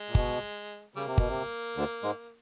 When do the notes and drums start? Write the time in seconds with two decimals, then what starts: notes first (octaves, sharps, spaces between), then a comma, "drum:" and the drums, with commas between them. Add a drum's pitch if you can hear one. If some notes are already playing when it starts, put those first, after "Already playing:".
Already playing: G#3
0.08 A#2
0.15 B2, drum: kick G1
0.96 C#3 G3 A#3
1.07 C3
1.18 B2, drum: kick G1
1.29 C3
1.76 D2 D3
2.03 G#2 G#3